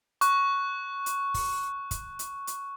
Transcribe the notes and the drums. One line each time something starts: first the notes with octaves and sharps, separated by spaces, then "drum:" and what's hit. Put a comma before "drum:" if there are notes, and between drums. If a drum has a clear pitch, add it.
C#6 F#6, drum: hi-hat
drum: hi-hat
drum: kick, open hi-hat
drum: kick, hi-hat
drum: hi-hat
drum: hi-hat